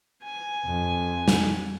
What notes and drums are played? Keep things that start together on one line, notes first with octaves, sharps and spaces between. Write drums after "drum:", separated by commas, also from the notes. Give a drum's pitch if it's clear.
G#5
F2
drum: snare